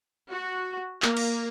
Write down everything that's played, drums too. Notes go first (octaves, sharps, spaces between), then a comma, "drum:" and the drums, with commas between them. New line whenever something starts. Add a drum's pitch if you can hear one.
F#4
A#3, drum: clap
drum: cymbal